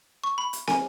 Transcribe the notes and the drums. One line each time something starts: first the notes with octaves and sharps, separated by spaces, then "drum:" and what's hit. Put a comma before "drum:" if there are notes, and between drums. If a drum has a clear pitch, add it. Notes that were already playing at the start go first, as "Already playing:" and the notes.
C#6
B5
drum: hi-hat
G#5, drum: snare